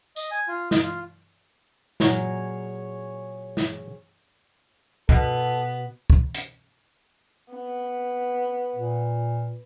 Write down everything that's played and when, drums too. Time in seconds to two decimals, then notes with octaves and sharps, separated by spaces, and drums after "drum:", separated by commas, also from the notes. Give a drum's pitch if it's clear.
0.16 D#5, drum: tambourine
0.31 G#5
0.48 F4
0.71 D#5, drum: snare
0.83 F4
2.00 A#2 F#3 G#4 C#5 A#5, drum: snare
3.57 drum: snare
5.09 B2 B3 A4, drum: kick
6.10 drum: kick
6.35 drum: hi-hat
7.53 B3
8.76 A#2